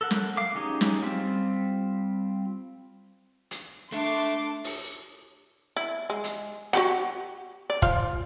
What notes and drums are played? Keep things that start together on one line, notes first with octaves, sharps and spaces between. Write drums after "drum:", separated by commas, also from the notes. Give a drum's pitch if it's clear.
A4 A#4 F#5
drum: snare
F5 D6
C#4 D#4 G4 G#4
drum: snare
G3 C4 F4
drum: hi-hat
A3 D4 E5 C6 D6
drum: open hi-hat
E4
G#3
drum: hi-hat
F#4 G4 F#5, drum: rim click
D5
F4 C5 F5, drum: kick